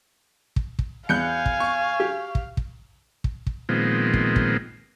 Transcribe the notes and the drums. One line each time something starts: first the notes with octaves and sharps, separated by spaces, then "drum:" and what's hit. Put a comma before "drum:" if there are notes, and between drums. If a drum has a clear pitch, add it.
drum: kick
drum: kick
E2 F5 G#5 F#6 G6 C#7
drum: kick
C#6
G4
drum: kick
drum: kick
drum: kick
drum: kick
A#2 D#3 F3 G#3 B3 C4
drum: kick
drum: kick